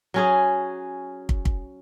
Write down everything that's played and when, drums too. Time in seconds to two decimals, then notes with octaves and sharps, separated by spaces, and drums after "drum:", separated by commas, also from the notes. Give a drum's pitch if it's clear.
0.14 F#3 C#4 G#4
1.29 drum: kick
1.45 drum: kick